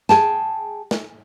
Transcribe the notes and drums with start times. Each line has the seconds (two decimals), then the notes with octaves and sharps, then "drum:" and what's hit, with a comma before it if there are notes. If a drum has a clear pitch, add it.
0.09 G#4 G5 A5, drum: snare
0.91 drum: snare